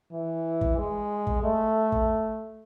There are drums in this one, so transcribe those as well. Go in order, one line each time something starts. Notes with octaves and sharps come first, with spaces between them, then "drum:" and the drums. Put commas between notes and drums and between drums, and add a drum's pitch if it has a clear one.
E3
drum: kick
G#3
drum: kick
A3
drum: kick